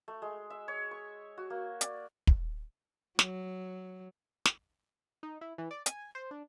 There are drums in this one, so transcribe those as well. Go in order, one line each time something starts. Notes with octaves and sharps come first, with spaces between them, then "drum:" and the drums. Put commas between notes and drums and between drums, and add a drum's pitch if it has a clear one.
A3
G#3
E5
C#5
C#6
F#4
A#3
D5, drum: hi-hat
drum: kick
F#3, drum: snare
drum: snare
D#4
E4
E3
D5
G#5, drum: hi-hat
C5
D4